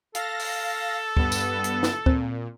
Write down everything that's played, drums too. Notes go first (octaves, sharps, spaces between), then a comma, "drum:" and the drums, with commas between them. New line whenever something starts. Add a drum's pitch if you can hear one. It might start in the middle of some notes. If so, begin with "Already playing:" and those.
A4 F5 A#6, drum: hi-hat
drum: open hi-hat
G2 B3, drum: kick
drum: tambourine
drum: hi-hat
drum: snare
A#2 C4, drum: kick